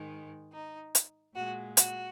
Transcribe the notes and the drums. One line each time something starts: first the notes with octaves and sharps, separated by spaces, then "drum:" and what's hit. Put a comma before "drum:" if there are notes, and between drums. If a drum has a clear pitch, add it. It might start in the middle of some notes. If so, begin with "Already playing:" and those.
Already playing: G#2 D#3 G#3
D#4
drum: hi-hat
A#2 G#3 F#4
F#4, drum: hi-hat